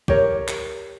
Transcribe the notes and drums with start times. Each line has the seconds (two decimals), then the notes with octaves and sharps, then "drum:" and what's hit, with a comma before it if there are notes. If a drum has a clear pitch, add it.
0.08 G4 A#4 C#5, drum: kick
0.48 drum: clap